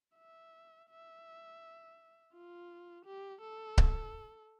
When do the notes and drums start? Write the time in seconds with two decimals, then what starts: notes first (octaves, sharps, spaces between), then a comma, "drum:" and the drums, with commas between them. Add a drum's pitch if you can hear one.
0.17 E5
0.90 E5
2.33 F4
3.05 G4
3.41 A4
3.78 drum: kick C#1